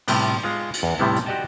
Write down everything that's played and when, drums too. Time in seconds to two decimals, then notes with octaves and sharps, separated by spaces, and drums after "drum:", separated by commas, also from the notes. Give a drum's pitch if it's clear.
0.08 A2 C3 G3 B3, drum: cymbal
0.43 G#3 F4 F5
0.74 drum: cymbal
0.83 E2
0.98 A2 C3 G3 B3 E4 A5
1.16 drum: hi-hat
1.26 F#4 G4 D5 D#5 G5 A5